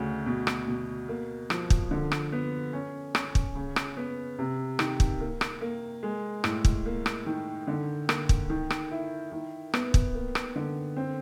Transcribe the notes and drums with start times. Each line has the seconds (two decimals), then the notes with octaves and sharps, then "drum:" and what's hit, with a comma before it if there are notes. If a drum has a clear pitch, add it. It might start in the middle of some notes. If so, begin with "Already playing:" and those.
Already playing: D2 C#3
0.26 B2
0.47 drum: rim click
0.68 B2
1.08 A#3
1.50 F3, drum: rim click
1.70 drum: kick
1.91 D3
2.12 drum: rim click
2.32 B3
2.73 C#4
3.15 C#4, drum: rim click
3.35 drum: kick
3.55 C#3
3.76 drum: rim click
3.97 B3
4.38 C3
4.79 D#3, drum: rim click
5.00 drum: kick
5.20 A#3
5.41 drum: rim click
5.61 A#3
6.03 G#3
6.44 A2, drum: rim click
6.65 drum: kick
6.86 A#3
7.06 drum: rim click
7.26 D#3
7.67 D3
8.09 A#3, drum: rim click
8.29 drum: kick
8.50 D#3
8.70 drum: rim click
8.91 E4
9.32 D#3
9.74 B3, drum: rim click
9.94 drum: kick
10.14 A#3
10.35 drum: rim click
10.56 D3
10.97 C4